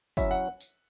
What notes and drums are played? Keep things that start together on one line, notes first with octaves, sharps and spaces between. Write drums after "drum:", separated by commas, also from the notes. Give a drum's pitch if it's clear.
F#3 C#4 E4 E5, drum: kick, tambourine
F#5
drum: tambourine